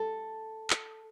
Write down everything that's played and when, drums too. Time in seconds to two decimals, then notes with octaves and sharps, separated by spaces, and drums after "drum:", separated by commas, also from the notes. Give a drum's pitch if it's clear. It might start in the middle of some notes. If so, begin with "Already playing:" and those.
Already playing: A4
0.70 drum: clap